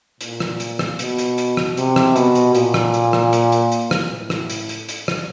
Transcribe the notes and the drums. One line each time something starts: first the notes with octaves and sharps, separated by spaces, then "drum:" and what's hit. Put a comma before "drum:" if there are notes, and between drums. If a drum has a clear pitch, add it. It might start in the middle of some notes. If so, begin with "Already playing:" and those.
A#2, drum: hi-hat
drum: rim click
drum: hi-hat
drum: rim click
B2, drum: hi-hat
drum: hi-hat
drum: hi-hat
drum: rim click
C3, drum: hi-hat
drum: rim click
B2, drum: hi-hat
drum: hi-hat
A#2, drum: hi-hat
drum: rim click
drum: hi-hat
drum: rim click
drum: hi-hat
drum: hi-hat
drum: hi-hat
drum: rim click
A2
drum: rim click
drum: hi-hat
drum: hi-hat
drum: hi-hat
drum: rim click